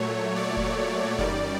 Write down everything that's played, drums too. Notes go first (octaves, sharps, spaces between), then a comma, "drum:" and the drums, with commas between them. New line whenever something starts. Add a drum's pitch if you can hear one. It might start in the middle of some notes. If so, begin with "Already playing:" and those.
Already playing: A#2 F#3 A3 C#5
D5
drum: kick F1
F#2 D#3 G3 D5, drum: kick F1